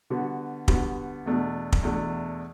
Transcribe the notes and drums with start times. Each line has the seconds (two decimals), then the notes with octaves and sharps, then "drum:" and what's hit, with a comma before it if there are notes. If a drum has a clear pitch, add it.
0.10 D3 G3 B3 F#4
0.68 D3 G3 B3 F#4, drum: kick
1.26 E2 B2 A3 D4
1.72 drum: kick
1.83 E2 B2 A3 D4